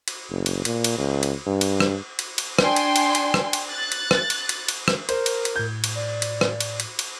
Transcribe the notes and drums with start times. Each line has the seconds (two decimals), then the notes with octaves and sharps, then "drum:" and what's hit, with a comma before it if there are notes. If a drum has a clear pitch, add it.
0.08 drum: cymbal
0.30 F#1
0.46 drum: cymbal
0.65 A#2, drum: cymbal
0.84 drum: cymbal
0.98 C#2
1.23 drum: cymbal
1.47 G2
1.61 drum: cymbal
1.80 drum: rim click
2.19 drum: cymbal
2.38 drum: cymbal
2.59 D4 G5 G#5 C6, drum: rim click
2.76 drum: cymbal
2.96 drum: cymbal
3.15 drum: cymbal
3.34 drum: rim click
3.53 drum: cymbal
3.68 F#6 A6
3.92 drum: cymbal
4.11 drum: rim click
4.30 drum: cymbal
4.49 drum: cymbal
4.68 drum: cymbal
4.88 drum: rim click
5.09 A#4 C5, drum: cymbal
5.26 drum: cymbal
5.45 drum: cymbal
5.56 A2 G6 G#6
5.84 drum: cymbal
5.95 D5
6.22 drum: cymbal
6.41 drum: rim click
6.60 drum: cymbal
6.80 drum: cymbal
6.99 drum: cymbal